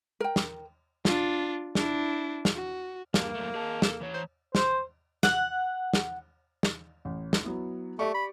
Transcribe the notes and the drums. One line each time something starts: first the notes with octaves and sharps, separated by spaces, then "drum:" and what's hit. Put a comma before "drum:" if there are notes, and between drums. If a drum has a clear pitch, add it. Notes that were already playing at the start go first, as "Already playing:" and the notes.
A#4 G5
drum: snare
D4 F4, drum: snare
D4 E4, drum: snare
drum: snare
F#4
G2 A#3, drum: snare
F#2 A3
G#4 D#5 A5
A4, drum: snare
E3 C#5
C5
C5, drum: snare
F#5, drum: snare
drum: snare
drum: snare
A1
drum: snare
F#3 B3 E4
A3 G4 D5 C#6
B5